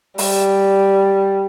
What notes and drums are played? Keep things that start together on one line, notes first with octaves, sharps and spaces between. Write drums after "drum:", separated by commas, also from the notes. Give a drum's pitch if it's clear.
G3, drum: open hi-hat